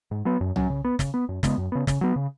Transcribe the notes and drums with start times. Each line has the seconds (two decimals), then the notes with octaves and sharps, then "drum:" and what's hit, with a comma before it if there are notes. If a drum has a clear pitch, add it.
0.11 G#2
0.25 F#3 B3
0.41 F#2
0.56 F#3 C#4, drum: tom C2
0.70 C#3
0.85 B3
0.99 C#3, drum: snare
1.14 B3
1.29 F#2
1.43 C#3 G#3 B3, drum: snare
1.58 F#2
1.72 C#3 B3
1.87 C#3, drum: snare
2.01 F#3 B3
2.16 C#3